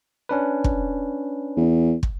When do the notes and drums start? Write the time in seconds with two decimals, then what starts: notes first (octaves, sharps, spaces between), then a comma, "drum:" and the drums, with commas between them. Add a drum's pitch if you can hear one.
0.29 C#4 D4 B4
0.64 drum: kick
1.57 E2
2.03 drum: kick